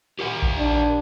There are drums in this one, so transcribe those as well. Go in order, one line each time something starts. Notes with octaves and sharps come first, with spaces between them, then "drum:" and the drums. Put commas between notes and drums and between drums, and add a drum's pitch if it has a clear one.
G4 A#4 F#5
drum: kick A#1
D4